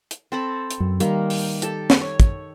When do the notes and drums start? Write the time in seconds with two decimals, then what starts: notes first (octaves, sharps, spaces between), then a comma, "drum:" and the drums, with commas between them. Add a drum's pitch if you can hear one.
0.11 drum: hi-hat
0.32 C4 A4 B5
0.71 drum: hi-hat
0.80 F#2
1.00 D#3 G3 A#3, drum: hi-hat
1.30 drum: open hi-hat
1.62 G4 A4 A5, drum: hi-hat
1.90 drum: snare
2.01 C#5
2.20 drum: kick, hi-hat